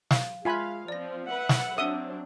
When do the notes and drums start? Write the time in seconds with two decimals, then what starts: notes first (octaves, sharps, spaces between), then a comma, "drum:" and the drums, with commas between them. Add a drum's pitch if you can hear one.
0.11 F5, drum: snare
0.45 G#3 F4 E5 F5 G#5 B5 F#6
0.88 F3 C4 D5 A#6
1.28 B4 E5 F#5
1.49 drum: snare
1.78 F#3 C4 D4 E5 F#5 D#6 D#7 G7